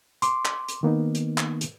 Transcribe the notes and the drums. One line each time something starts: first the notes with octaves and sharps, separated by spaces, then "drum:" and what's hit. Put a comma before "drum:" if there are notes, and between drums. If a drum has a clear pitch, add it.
C6 D6, drum: hi-hat
drum: clap
drum: hi-hat
D#3 A#3 B3 D#4
drum: hi-hat
drum: clap
drum: hi-hat